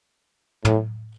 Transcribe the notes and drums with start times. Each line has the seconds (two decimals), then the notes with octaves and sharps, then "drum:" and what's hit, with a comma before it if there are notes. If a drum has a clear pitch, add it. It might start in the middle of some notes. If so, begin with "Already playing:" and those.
0.65 A2, drum: tom